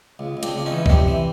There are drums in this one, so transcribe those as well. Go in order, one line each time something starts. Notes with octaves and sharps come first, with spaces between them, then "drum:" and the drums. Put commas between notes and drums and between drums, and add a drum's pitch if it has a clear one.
C#2
C#2
C4 D4, drum: hi-hat
C#2 D4
C#4 D#4
E3
D#4, drum: kick
C3 C4 D4
E3